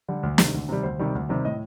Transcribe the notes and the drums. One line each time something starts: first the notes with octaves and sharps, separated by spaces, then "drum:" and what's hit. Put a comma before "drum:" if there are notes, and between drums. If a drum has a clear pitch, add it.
D3 G3
D2
C3 D#3 G3, drum: snare
D2
C3 D#3 G3
D2 C5
C3 D#3 G3
D2
C3 D#3 G3
A2 D#5